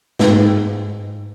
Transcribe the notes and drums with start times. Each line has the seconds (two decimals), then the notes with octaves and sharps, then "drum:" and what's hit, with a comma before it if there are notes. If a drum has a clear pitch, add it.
0.19 G#2, drum: snare